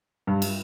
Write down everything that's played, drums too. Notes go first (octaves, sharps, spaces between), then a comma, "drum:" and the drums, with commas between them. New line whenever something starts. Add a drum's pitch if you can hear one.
G2
drum: cymbal